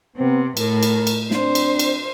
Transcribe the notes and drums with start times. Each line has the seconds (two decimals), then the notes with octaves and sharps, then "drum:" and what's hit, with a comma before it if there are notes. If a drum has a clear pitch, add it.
0.17 C3 B3 C4
0.57 A2 A#4, drum: cymbal
0.83 drum: cymbal
1.07 drum: cymbal
1.31 C4 D4 C5, drum: snare
1.55 drum: cymbal
1.79 drum: cymbal